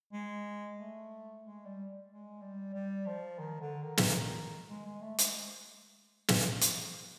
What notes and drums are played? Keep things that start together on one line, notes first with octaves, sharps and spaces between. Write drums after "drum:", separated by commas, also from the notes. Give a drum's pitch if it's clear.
G#3
A3
G#3
G3
G#3
G3
G3
F3
D#3
D3
D#3
drum: snare
G#3
G#3
A3
G#3, drum: hi-hat
drum: snare
drum: hi-hat